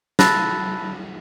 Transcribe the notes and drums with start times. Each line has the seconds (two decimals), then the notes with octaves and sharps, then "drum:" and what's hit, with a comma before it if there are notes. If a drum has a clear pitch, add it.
0.19 A5 B5 E6 F#6 A6 A#6, drum: snare